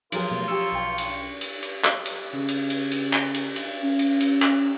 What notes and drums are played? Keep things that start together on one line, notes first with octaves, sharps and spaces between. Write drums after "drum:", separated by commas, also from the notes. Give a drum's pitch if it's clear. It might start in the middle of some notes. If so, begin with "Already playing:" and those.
F3 F#3 F4 G#4 A#4, drum: cymbal
B2 A3
G4 C#6 E6
B1 G5
drum: cymbal
drum: cymbal
drum: cymbal
drum: clap
drum: cymbal
C#3
drum: cymbal
drum: cymbal
drum: cymbal
drum: clap
drum: cymbal
drum: cymbal
C#4
drum: cymbal
drum: cymbal
drum: clap